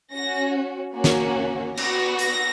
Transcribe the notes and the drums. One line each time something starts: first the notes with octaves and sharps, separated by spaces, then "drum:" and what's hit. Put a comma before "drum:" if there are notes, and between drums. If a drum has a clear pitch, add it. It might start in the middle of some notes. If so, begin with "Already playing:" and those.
C#4 F#4 A#6
A#3 C#4 F#4
drum: snare
B3 F#4 A#6, drum: cymbal
A#6, drum: hi-hat